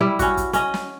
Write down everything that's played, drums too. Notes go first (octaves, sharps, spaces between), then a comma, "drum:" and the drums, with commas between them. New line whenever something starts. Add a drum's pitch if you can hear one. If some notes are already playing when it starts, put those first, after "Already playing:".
G3 E4
C#4 F#4, drum: kick, hi-hat
drum: kick, hi-hat
C#4 D#5, drum: hi-hat
drum: snare